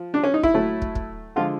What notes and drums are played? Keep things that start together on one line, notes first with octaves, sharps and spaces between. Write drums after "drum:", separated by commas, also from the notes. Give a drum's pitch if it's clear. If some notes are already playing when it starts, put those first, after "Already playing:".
Already playing: F3
D4
C#4
D#4
E4, drum: kick
A2 F#3 A3
drum: kick
drum: kick
D3 F3 G#3 F4